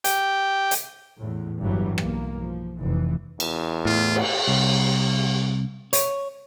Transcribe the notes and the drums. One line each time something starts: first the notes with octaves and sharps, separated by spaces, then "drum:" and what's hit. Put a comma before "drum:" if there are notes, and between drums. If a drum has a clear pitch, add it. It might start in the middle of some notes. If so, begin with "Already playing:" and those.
G4 G5, drum: hi-hat
drum: hi-hat
E2 A2
G1 G2 E3 F#3 G3
B1 A#3, drum: rim click
F3
F1 E3
E2, drum: cymbal
A2 F4
drum: cymbal
C2
C#5, drum: hi-hat